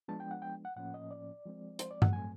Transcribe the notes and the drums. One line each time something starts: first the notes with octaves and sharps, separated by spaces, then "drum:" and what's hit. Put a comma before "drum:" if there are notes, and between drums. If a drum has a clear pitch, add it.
F3 G#3 B3 D4 A5
G5
F#5
G5
F#5
A2 F3 A#3 C#4 F#5
D#5
D5
F3 G#3 C4
C5, drum: hi-hat
D5
F#5, drum: tom G2
A2 F#3 A3 C4 G#5